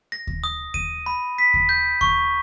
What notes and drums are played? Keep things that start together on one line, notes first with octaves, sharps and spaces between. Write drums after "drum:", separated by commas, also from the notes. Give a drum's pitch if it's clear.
A#6
drum: kick D#2
D#6
D#7, drum: kick D#2
B5
B6
drum: kick D#2
G6
C#6, drum: kick D#2